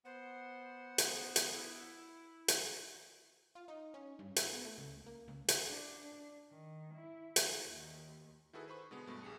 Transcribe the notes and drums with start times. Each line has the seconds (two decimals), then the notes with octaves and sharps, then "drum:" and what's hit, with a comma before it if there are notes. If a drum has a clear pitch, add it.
0.05 B3 C5 F#5
0.98 drum: hi-hat
1.36 drum: hi-hat
1.54 E4
2.48 drum: hi-hat
3.55 F4
3.68 D#4
3.94 C#4
4.19 G2
4.36 E4, drum: hi-hat
4.52 B3
4.64 A3
4.78 C#2
5.06 A#3
5.28 C#2
5.48 drum: hi-hat
5.67 D4
6.51 D#3
6.94 E4
7.36 drum: hi-hat
7.66 D#2
8.53 D#3 E4 F#4 G#4 A4 B4
8.68 B4 C5 B5 C#6
8.91 B2 D3 G#3 B3
9.06 G2 B2 A3
9.23 A#1 G4 G#4 C#7